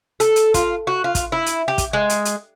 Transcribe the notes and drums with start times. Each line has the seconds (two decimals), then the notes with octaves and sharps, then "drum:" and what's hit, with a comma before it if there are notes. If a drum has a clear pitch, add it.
0.20 A4, drum: hi-hat
0.36 drum: hi-hat
0.54 F4, drum: kick, hi-hat
0.87 F#4
1.04 F4
1.15 drum: kick, hi-hat
1.32 E4
1.46 drum: hi-hat
1.68 G4
1.78 drum: kick, hi-hat
1.93 G#3
2.09 drum: hi-hat
2.25 drum: hi-hat